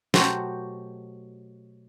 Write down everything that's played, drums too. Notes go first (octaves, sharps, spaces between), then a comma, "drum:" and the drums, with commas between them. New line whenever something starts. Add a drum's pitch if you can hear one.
B2 F#3 A3 F#4 G4 C5, drum: snare